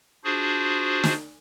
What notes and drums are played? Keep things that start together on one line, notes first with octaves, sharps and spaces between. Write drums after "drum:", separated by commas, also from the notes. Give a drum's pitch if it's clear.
D4 F4 F#4 G#4 C5
drum: snare